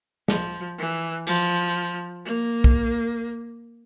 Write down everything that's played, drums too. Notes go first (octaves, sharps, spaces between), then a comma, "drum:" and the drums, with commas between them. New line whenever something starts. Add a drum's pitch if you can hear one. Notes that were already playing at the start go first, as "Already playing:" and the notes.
F3, drum: snare
E3
F3, drum: tambourine
A#3
drum: kick